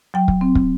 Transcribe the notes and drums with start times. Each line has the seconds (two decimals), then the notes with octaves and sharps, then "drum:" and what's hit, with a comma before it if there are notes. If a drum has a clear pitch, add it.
0.14 F#3 G5
0.28 drum: kick
0.41 C4
0.55 drum: kick